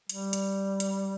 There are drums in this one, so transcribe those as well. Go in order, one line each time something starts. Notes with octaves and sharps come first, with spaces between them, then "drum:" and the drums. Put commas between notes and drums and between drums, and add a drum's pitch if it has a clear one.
G3, drum: hi-hat
drum: hi-hat
drum: hi-hat